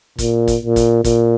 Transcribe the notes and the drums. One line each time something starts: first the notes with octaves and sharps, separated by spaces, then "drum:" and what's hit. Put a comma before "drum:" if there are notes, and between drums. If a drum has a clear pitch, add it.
A#2, drum: kick, hi-hat
drum: kick, hi-hat
A#2
drum: kick, hi-hat
A#2, drum: kick, hi-hat